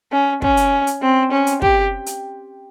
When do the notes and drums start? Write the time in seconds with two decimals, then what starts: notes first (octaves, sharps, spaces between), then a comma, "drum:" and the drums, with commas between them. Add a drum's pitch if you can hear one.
0.12 C#4
0.42 C#4, drum: kick
0.57 drum: hi-hat
0.87 drum: hi-hat
1.02 C4
1.31 C#4
1.47 drum: hi-hat
1.62 G4, drum: kick
2.06 drum: hi-hat